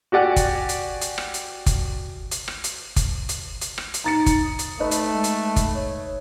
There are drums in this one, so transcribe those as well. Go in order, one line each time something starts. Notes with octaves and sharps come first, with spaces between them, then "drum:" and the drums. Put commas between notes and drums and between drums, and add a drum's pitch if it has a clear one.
F#4 G4 D5 F#5 G#5
drum: kick, hi-hat
drum: hi-hat
drum: hi-hat
drum: rim click
drum: hi-hat
drum: kick, hi-hat
drum: hi-hat
drum: rim click
drum: hi-hat
drum: kick, hi-hat
drum: hi-hat
drum: hi-hat
drum: rim click
drum: hi-hat
D#4 A#5 A6 C#7
drum: kick, hi-hat
D#6
drum: hi-hat
A3 D#4 B4
drum: hi-hat
G#3
drum: hi-hat
drum: kick, hi-hat
C#5